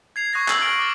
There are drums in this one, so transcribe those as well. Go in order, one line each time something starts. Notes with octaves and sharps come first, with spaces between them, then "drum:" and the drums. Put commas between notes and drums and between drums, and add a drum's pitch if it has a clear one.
G#6 C7 F7
C#6 D#6 F#6 G#6 A#6 C7
E6 F#7, drum: clap
F6 D7
D6 F6 A6 D7